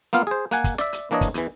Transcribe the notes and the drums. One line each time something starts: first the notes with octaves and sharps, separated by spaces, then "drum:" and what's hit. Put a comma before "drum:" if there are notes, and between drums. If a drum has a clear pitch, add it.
A#3 B3 F4 F5
G#4 C5
A#3 F#5 G#5, drum: hi-hat
drum: kick, hi-hat
D5 E5, drum: snare
drum: hi-hat
E3 A#3 D4 C#5 D#5
drum: kick, hi-hat
E2 E3, drum: hi-hat